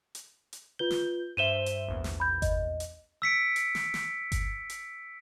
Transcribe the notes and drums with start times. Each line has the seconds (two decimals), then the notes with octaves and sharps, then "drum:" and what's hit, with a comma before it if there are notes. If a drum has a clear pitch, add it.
0.15 drum: hi-hat
0.53 drum: hi-hat
0.79 F4 B4 G6 G7
0.90 drum: snare
1.37 G2 C5 E5 D#7 E7 G7
1.66 drum: hi-hat
1.88 A#1 E2
2.04 drum: snare
2.20 B5 G6
2.42 D#5, drum: kick G1, hi-hat
2.80 drum: hi-hat
3.22 E6 B6 C#7 D7
3.56 drum: hi-hat
3.75 drum: snare
3.94 drum: snare
4.32 drum: kick G1, hi-hat
4.70 drum: hi-hat